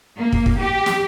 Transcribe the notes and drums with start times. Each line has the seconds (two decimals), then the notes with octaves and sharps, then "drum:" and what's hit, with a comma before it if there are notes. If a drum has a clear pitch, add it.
0.17 A#3
0.32 drum: kick
0.46 drum: kick
0.59 G4
0.86 drum: snare